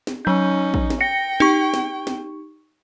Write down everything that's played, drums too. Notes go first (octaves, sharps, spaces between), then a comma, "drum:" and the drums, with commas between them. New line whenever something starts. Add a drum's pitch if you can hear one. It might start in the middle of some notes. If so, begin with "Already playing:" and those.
drum: snare
F#3 C#4 D#4 G6
drum: kick A1
drum: snare
G5 A#6 C#7
D#4 G4 C#6, drum: snare
drum: snare
drum: snare